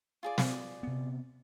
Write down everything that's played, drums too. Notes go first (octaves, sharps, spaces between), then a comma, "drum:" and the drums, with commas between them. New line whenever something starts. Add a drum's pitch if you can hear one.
F4 G#4 D5
drum: snare
C3 B3